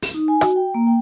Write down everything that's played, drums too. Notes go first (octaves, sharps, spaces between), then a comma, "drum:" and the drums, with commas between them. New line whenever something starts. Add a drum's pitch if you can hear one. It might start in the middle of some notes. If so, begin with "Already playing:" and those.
drum: open hi-hat
D#4
G#5
F#4, drum: rim click
G5
A#3
G5